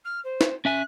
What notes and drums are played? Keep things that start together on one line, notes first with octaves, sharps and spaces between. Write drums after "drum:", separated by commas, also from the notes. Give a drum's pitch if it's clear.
F6
C5
drum: snare
C#4 E5 G#5 F#6